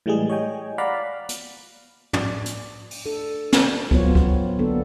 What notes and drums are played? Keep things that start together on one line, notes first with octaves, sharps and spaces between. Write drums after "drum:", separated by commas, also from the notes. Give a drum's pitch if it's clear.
A2 E3 G3 G#3 G#4
C#5 D#5 G5 G#5
D5 F5 F#5 A#5 B5
drum: hi-hat
D5, drum: tom
drum: hi-hat
drum: open hi-hat
D4 A4
drum: snare
F#3 B3 C4 F4 C#5, drum: kick C#2
drum: kick C#2
D3 A#3 B3 D4 A4